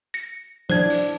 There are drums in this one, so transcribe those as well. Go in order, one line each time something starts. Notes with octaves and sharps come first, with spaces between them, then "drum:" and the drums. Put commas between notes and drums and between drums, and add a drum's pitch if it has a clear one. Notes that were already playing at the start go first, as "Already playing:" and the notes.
A#6 C#7
D4 C5 G#6, drum: tom F3
drum: hi-hat